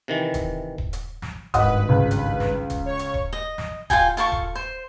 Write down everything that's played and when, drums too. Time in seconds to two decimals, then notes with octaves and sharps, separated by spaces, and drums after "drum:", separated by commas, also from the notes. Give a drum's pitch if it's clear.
0.08 C3 D#3 E3
0.34 drum: kick D#1, hi-hat
0.78 drum: kick D#1
0.93 drum: hi-hat
1.22 drum: snare
1.54 G#1 G2 B4 D#5 F#5 D#6, drum: kick D#1, hi-hat
1.89 C#2
2.11 drum: hi-hat
2.40 drum: snare
2.70 drum: kick D#1, hi-hat
2.86 C#5 C#6
2.99 drum: hi-hat
3.14 drum: kick D#1
3.33 D#5
3.58 drum: snare
3.90 F4 A4 G5 G#5, drum: kick D#1, hi-hat
4.17 F4 A4 C#6, drum: hi-hat
4.32 drum: kick D#1
4.55 C5